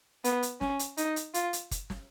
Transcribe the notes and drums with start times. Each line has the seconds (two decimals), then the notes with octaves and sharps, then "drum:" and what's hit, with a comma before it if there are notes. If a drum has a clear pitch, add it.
0.24 B3, drum: hi-hat
0.43 drum: hi-hat
0.61 C#4, drum: snare
0.79 drum: hi-hat
0.97 D#4, drum: hi-hat
1.16 drum: hi-hat
1.34 F4, drum: hi-hat
1.53 drum: hi-hat
1.71 drum: kick, hi-hat
1.90 drum: snare